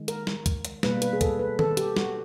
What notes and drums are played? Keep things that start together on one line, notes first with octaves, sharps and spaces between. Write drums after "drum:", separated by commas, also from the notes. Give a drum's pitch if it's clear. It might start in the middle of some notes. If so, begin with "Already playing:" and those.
Already playing: D#3 G#3
A#4, drum: hi-hat
drum: snare
drum: kick, hi-hat
drum: hi-hat
B2 G3 A#3 B4, drum: snare
B4, drum: hi-hat
G#4
A4, drum: kick, hi-hat
B4
A4, drum: tom D#3
G4, drum: hi-hat
F#4, drum: snare